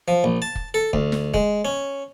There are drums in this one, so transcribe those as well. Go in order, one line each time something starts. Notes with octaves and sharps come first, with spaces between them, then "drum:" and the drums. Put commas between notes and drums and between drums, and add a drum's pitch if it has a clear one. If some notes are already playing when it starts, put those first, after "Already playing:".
F3
A#1
A5
drum: kick
A4
D2, drum: kick
drum: snare
G#3, drum: kick
C#4